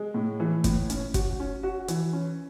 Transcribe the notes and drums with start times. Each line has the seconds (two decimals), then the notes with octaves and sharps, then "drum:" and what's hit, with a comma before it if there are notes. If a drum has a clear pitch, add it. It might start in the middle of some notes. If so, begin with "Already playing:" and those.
Already playing: G#3
0.14 A2
0.40 E3
0.64 A2, drum: kick, hi-hat
0.90 C#4, drum: hi-hat
1.14 F#4, drum: kick, hi-hat
1.40 C#4
1.63 F#4
1.88 E3, drum: hi-hat
2.13 C#4